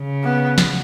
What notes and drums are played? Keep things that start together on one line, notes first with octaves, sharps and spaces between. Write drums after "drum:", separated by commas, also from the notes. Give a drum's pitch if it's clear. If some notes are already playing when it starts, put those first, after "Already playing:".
Already playing: C#3
B3
drum: snare